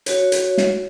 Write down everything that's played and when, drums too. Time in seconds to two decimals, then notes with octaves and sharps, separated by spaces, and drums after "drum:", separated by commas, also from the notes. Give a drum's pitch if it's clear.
0.06 F#4 C#5, drum: hi-hat
0.32 drum: hi-hat
0.58 drum: snare